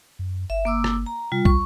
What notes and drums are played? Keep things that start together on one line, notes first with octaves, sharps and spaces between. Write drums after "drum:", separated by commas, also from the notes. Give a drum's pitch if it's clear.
F#2
G1 E5
A#3 D6 E6
drum: rim click
A#5
C3 G3 F4
D2 C#6, drum: kick